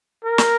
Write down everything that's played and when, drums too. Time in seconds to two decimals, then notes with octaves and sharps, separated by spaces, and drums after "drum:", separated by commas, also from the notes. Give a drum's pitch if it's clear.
0.24 A#4
0.38 drum: snare